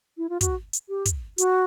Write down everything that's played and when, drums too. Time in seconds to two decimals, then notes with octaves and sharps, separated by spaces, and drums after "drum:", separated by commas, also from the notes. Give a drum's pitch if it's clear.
0.18 E4
0.29 F4
0.41 F#4, drum: kick, hi-hat
0.73 drum: hi-hat
0.89 G4
1.05 drum: kick, hi-hat
1.38 F#4, drum: hi-hat